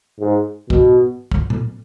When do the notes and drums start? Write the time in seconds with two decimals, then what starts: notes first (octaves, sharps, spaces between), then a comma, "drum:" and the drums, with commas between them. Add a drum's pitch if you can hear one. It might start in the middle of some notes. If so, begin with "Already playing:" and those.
0.20 G#2
0.70 B2, drum: kick
1.32 drum: kick
1.50 drum: tom A#2